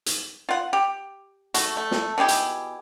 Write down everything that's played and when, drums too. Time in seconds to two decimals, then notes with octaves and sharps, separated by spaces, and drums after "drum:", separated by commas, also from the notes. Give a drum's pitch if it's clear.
0.06 drum: hi-hat
0.49 F4 F#5
0.73 G4
1.54 A3 F#4, drum: hi-hat
1.77 A3
1.91 drum: snare
2.18 B2 E4 G4 G#4
2.28 drum: hi-hat